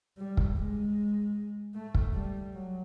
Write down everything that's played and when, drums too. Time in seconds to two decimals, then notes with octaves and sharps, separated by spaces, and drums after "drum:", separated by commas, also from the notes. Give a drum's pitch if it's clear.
0.18 G3
0.37 drum: kick
0.57 G#3
1.75 A3
1.95 drum: kick
2.14 G3
2.54 F#3